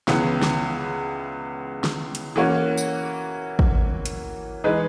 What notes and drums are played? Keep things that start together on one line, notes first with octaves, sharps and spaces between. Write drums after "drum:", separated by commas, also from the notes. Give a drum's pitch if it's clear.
C#2 C#3 E3 B3, drum: snare
drum: snare
drum: snare
drum: hi-hat
E3 A#3 C#4 F#4
drum: tambourine
drum: kick
drum: hi-hat
E3 G#3 D#4 G#4 B4